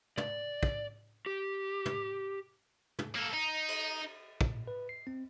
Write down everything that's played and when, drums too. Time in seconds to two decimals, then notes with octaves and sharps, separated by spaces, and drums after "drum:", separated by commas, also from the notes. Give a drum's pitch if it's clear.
0.17 D5, drum: tom
0.63 drum: kick
1.26 G4
1.86 drum: tom
2.99 drum: tom
3.15 A#3 A4
3.33 D#4
3.68 drum: cymbal
4.41 A#2, drum: kick
4.67 B4
4.89 C7
5.07 C4